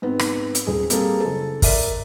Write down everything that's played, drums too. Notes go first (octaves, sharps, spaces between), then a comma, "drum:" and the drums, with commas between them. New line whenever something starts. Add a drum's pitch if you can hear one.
G#2 B3 C4
drum: rim click
drum: hi-hat
D#1 G#4
G3 A#3 C4 G#4 A4, drum: hi-hat
F#1 A4
A#4 D5 E5, drum: kick, open hi-hat